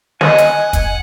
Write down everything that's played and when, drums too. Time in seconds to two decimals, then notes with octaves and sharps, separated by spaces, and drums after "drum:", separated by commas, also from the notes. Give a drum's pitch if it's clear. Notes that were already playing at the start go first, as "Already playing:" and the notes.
0.21 D#5 F#5 G#5, drum: snare
0.38 drum: hi-hat
0.73 drum: kick, hi-hat